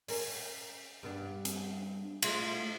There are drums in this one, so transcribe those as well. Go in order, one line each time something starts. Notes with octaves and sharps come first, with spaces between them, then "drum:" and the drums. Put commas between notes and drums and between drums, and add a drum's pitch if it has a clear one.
C#4 A#4, drum: open hi-hat
G2 B3 D4
drum: hi-hat
G#3 A3 F4, drum: cymbal